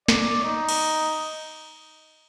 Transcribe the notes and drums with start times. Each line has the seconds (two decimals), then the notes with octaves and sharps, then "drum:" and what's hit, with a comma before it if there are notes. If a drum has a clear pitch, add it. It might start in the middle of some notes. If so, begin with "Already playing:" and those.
0.08 D5, drum: snare
0.43 D#4
0.69 drum: cymbal